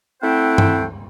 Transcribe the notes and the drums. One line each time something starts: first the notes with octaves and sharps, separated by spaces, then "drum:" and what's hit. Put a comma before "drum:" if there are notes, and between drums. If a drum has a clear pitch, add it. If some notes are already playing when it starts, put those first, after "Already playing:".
A3 C4 E4 C5 F#5 G5
drum: tom G2